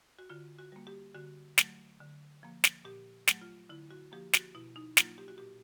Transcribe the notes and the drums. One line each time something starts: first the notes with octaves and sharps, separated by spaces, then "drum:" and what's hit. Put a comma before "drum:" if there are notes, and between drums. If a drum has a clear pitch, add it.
F#4
D3 F4
F#4
G3 A#3
G4
D3 F#4
F#3 A3, drum: snare
D3
F3 A#3
drum: snare
A#2 G4
F#3 A3, drum: snare
F4
D3 E4
F#4
F3 A#3 G4
F#4, drum: snare
B2 E4
D#4
F#3 A#3 F4, drum: snare
G4
F#4
A#2 G4